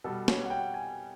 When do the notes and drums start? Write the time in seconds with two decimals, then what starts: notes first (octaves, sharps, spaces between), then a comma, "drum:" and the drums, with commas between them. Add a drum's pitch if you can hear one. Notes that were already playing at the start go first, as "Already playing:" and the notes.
0.04 B2 G3 A4
0.28 C#5, drum: snare
0.45 F#5
0.50 G5
0.74 G#5